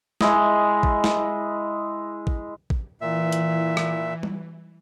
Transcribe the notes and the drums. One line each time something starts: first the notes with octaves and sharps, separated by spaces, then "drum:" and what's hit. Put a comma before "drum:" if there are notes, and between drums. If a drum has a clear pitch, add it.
G#3 E4 D#5, drum: snare
drum: kick A1
drum: snare
drum: kick A1
drum: kick A1
A#2 E3 E5
drum: hi-hat
drum: rim click
drum: tom G3